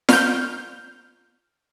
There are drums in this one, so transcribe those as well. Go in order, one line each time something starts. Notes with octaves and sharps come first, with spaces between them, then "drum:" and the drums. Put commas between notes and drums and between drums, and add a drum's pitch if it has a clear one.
F6 G6, drum: snare